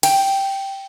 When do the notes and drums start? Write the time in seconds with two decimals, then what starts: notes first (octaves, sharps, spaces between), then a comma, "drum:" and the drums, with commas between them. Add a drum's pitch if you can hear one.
0.03 G5, drum: cymbal